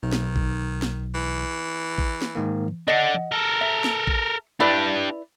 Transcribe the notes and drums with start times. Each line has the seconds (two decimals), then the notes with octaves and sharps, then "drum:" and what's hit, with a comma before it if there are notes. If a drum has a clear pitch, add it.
0.03 B1 D#3
0.12 drum: snare
0.36 drum: kick A1
0.82 drum: snare
1.14 E3
1.98 drum: kick A1
2.22 drum: snare
2.35 G#2 D#3 A#3
2.68 drum: tom E3
2.88 D3 D4 D#5 F#5
3.14 drum: tom E3
3.32 A4 A#4
3.61 E5
3.84 drum: snare
4.07 drum: kick A1
4.60 D4 E4 G4 B4 D5